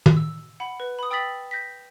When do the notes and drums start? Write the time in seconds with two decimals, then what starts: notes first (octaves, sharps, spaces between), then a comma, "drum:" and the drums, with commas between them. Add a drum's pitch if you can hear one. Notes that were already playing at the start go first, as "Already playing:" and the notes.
0.06 drum: tom
0.17 E6
0.60 F#5 B5
0.80 B4
0.99 B5 D#6
1.11 G5 D#6 E6 A6 B6 F#7
1.51 G6 A#6 B6